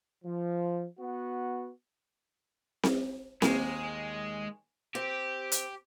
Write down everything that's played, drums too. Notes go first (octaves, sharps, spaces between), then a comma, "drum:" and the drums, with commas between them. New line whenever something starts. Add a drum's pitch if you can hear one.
F3
B3 F#4
drum: snare C4
D#2 G#3 G#5, drum: snare C4
C4 G4
drum: hi-hat